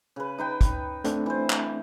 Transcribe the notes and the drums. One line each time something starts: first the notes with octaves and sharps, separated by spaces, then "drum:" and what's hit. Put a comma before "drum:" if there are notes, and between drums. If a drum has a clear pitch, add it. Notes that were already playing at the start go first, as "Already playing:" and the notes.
C#3 B4
D#4 B4 G5
drum: kick, hi-hat
A3 C4 D4, drum: hi-hat
E3 C5
drum: clap